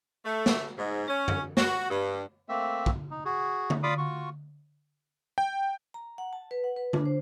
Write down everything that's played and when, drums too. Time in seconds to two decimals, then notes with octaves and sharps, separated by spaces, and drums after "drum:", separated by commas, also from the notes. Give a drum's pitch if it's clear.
0.25 A3
0.46 drum: snare
0.77 G#2
1.08 C#4
1.28 drum: tom F#2
1.57 F#4, drum: snare
1.89 G2
2.49 A3 A#3 C4 E5
2.86 drum: kick
3.11 D#4
3.25 F#4 G#4
3.70 drum: tom D3
3.83 F4 D5 F5 B5 D6 D#6
3.98 F4 F#4 C#6
5.38 G5
5.94 A#5
6.18 F#5
6.33 A5
6.51 B4
6.64 F#5
6.76 B4
6.93 D4, drum: tom D3
7.06 C5